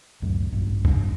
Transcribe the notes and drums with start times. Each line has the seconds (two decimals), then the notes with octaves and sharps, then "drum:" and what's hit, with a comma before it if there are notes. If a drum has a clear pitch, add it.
0.22 G#1 C#2 F#2 A2
0.52 A#1 G2
0.85 drum: kick